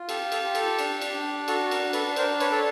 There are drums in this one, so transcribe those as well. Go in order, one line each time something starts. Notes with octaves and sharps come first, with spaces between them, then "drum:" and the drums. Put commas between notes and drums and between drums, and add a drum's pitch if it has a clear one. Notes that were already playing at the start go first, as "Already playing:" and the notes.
Already playing: F4
G4 A4, drum: cymbal
A4, drum: cymbal
G4
A4, drum: cymbal
D4, drum: cymbal
drum: cymbal
D4
F#4 A4, drum: cymbal
A#4, drum: cymbal
D4
A4 B4, drum: cymbal
D4 A#4 C5, drum: cymbal
B4 C#5, drum: cymbal
A4